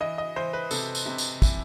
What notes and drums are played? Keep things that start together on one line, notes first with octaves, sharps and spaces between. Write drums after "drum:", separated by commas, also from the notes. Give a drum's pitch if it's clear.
E3 D#5
D#5
E3 C5
B4
C3 A4, drum: tambourine
drum: tambourine
C3
drum: tambourine
E3, drum: kick, tambourine